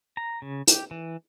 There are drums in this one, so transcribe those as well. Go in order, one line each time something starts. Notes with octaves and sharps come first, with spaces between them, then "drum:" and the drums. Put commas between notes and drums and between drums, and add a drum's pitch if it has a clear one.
A#5
C#3
G4, drum: hi-hat
E3